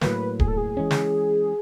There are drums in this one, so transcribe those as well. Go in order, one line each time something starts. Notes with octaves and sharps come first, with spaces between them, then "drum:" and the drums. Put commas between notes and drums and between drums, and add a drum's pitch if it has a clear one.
A2 F#3 A#3 B4, drum: snare
G#4, drum: kick D1
A4
G#4
E3 G#3 C#4
drum: snare